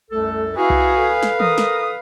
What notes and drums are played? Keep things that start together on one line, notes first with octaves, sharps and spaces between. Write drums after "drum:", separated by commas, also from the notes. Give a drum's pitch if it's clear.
C2 F#2 A3 A4
E4 F#4 G#4 B4 F5
drum: kick B1
A4
drum: snare
A#4 D#6, drum: tom
drum: snare